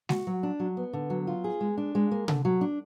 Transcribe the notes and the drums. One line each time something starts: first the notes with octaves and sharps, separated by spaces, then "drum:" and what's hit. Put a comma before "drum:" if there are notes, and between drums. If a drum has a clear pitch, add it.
F#4, drum: snare G#3
F#3
D4
F#3
B3
D3
F#3
F4
G#4
G#3
D4
G#3
A#3
D3, drum: tom C3
F#3
D4